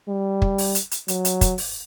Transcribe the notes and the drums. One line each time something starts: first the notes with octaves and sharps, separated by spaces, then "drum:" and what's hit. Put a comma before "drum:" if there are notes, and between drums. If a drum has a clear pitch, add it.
G3
drum: kick
drum: open hi-hat
drum: hi-hat
drum: hi-hat
F#3, drum: hi-hat
drum: hi-hat
drum: kick, hi-hat
drum: open hi-hat